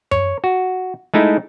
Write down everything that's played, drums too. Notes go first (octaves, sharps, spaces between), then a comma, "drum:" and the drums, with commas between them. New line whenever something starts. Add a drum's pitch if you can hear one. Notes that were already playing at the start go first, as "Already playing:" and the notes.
C#5, drum: tom F#2
F#4
G#3 A3 D#4 E4